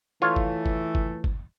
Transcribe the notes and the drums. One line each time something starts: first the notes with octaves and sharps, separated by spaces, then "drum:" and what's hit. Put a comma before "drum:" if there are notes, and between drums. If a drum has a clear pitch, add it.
E3 A3 F4 C#5
drum: kick G1
drum: kick G1
drum: kick G1
drum: kick G1